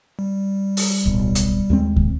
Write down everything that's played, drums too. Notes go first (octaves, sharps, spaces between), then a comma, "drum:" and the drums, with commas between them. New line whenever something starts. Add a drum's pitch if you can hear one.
G3
drum: open hi-hat
D1 B1
drum: hi-hat
D#2 G#3 C4
drum: kick